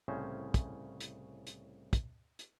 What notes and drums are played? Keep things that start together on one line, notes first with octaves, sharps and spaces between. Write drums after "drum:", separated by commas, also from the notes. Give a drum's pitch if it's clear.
C2 A2 C#3 C#4 C5
drum: kick, hi-hat
drum: hi-hat
drum: hi-hat
drum: kick, hi-hat
drum: hi-hat